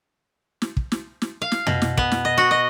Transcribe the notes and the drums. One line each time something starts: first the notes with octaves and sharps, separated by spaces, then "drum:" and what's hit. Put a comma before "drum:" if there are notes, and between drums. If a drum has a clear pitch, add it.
drum: snare
drum: kick
drum: snare
drum: snare
F5
drum: snare
B2, drum: tom
drum: snare
B3, drum: kick
drum: snare
D#5
F#4
D#5